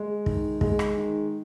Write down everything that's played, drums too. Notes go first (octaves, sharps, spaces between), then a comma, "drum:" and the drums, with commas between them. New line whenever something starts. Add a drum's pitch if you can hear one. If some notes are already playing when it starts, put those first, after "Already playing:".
Already playing: G#3
D#3, drum: kick
G#3, drum: kick
drum: rim click
D#3